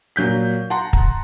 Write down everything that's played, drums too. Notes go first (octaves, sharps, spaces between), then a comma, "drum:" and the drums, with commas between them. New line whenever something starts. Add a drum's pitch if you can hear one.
A#2 F#3 G6 B6
F#5 A5 A#5 C6
drum: kick